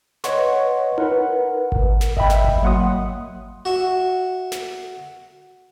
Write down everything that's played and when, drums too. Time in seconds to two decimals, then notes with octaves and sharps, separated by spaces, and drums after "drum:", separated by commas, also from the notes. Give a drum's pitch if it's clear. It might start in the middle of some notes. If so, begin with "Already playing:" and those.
0.24 B4 C#5 D#5 F#5 C6 C#6, drum: snare
0.98 A#4 B4 F#5, drum: tom D#4
1.72 drum: kick G#1
2.01 drum: snare
2.17 D#5 E5 G5 B5, drum: kick G#1
2.30 drum: snare
2.44 drum: kick G#1
2.62 F#3 A#3 F#5 C6 D#6
3.65 F#4 E5
4.52 drum: snare